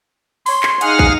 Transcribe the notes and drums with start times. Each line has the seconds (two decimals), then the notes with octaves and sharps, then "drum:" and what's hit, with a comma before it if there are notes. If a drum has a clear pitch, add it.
0.46 C#5 C6, drum: open hi-hat
0.63 drum: clap
0.81 D#4 G#4 F5 F#5 D#6 F6, drum: hi-hat
0.99 drum: kick